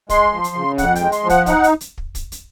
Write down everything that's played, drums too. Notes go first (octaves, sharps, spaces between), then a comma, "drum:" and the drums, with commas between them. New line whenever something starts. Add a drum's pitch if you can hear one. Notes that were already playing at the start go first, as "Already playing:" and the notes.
G#3 C6, drum: kick, hi-hat
F3
drum: hi-hat
C#3
F2 F#5, drum: kick, hi-hat
G5, drum: hi-hat
G#3
C6, drum: hi-hat
F3
F#5, drum: kick, hi-hat
D#4 F#5, drum: kick, hi-hat
drum: hi-hat
drum: hi-hat
drum: kick
drum: kick, hi-hat
drum: hi-hat